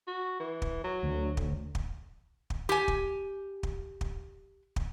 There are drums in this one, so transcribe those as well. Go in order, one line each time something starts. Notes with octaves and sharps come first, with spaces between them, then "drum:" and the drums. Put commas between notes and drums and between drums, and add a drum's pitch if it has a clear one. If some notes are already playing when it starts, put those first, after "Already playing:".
F#4
E3
drum: kick
F#3
D2
drum: kick
drum: kick
drum: kick
G4 G#5
drum: kick
drum: kick
drum: kick
drum: kick